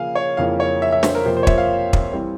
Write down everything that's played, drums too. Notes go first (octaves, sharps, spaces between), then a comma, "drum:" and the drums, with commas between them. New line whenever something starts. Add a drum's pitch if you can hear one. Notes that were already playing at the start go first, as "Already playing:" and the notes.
Already playing: C#3 F3 A#3 F5 G#5
C#5
F2 C#3 E3 A#3 C#4 F5
C#5
E5
E5
C5, drum: snare
A#4
F2 C3 F3 A#3 C5
C5
C#5
E5, drum: kick
F5
drum: kick
E3 G3 C4